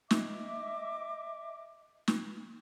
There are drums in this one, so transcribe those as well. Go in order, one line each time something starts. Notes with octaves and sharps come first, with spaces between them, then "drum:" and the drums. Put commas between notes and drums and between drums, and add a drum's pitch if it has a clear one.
D#5 E5 D6, drum: snare
drum: snare